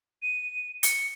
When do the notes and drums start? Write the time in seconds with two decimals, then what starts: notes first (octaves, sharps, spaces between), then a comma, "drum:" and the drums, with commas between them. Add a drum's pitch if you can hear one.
0.22 D#7
0.83 C#7, drum: hi-hat